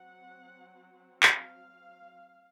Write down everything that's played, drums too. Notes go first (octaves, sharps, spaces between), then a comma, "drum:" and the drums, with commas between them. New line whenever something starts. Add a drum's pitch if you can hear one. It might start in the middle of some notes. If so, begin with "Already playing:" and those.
Already playing: F#3 C4 F#5
F5, drum: clap